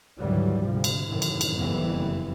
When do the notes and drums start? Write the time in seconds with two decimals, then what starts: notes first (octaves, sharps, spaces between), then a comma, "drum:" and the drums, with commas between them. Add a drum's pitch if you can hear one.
0.20 G#1 D2 E3 F#3 G3
0.65 D2 C3 F3
0.84 drum: cymbal
1.09 F#2 A2 C3 D#3 E3
1.22 drum: cymbal
1.41 drum: cymbal
1.56 F#1 F2 E3 G3 B3